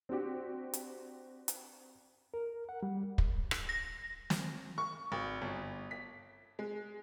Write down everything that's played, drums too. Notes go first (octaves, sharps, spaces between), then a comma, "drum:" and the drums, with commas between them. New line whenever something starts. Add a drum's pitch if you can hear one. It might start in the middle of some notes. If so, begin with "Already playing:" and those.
C4 D4 F#4 G4
drum: hi-hat
drum: hi-hat
A#4
F#5
G3
drum: kick
drum: rim click
A#6
drum: snare
C#6
G#1
G1
B6
G#3